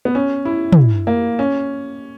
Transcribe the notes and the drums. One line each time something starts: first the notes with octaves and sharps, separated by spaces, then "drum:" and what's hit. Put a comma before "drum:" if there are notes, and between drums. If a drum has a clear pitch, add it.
B3
C#4
E4
drum: tom
A#3
C#4